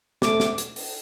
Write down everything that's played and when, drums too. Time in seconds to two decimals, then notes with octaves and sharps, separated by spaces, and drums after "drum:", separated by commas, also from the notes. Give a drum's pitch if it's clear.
0.22 A3 D6, drum: snare
0.40 drum: snare
0.58 drum: hi-hat
0.76 drum: open hi-hat